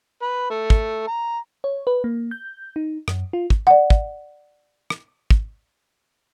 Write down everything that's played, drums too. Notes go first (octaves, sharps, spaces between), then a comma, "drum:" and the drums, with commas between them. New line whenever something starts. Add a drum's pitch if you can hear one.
B4
A3
drum: kick
A#5
C#5
B4
A#3
G6
D#4
F#2, drum: rim click
F4
drum: kick
D5 F#5
drum: kick
drum: rim click
drum: kick